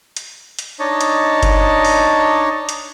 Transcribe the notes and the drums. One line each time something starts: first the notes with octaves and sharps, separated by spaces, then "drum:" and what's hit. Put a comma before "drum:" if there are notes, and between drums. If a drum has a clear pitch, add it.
drum: hi-hat
drum: hi-hat
D4 D#4 C#5 D#5 A5
drum: hi-hat
drum: kick F#1, hi-hat
drum: open hi-hat
drum: hi-hat